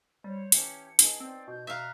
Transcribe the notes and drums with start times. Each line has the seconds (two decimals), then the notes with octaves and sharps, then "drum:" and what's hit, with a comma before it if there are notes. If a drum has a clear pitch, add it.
0.24 G3 C5 C#5
0.52 E3 C#4 G4 E5 A5 C#7, drum: hi-hat
0.99 B3 D#4 G#4 A5, drum: hi-hat
1.20 C4 C5 D5 G5
1.48 B2 G6
1.67 E5 F5 A#5 F#6